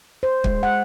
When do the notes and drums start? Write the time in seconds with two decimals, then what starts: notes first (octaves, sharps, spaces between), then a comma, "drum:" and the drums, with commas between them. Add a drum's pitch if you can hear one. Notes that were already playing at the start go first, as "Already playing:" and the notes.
0.23 C5
0.44 G#3, drum: kick
0.63 F#5